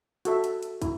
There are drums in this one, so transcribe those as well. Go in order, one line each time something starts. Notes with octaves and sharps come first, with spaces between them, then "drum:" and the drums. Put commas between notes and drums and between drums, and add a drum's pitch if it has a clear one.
F#4 A4 E5, drum: hi-hat
drum: hi-hat
drum: hi-hat
E4, drum: kick, hi-hat